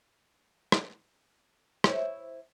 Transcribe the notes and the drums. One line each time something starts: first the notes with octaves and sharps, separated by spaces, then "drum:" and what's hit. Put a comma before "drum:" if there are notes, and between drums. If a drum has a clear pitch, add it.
drum: rim click
E4 C5 C#5, drum: rim click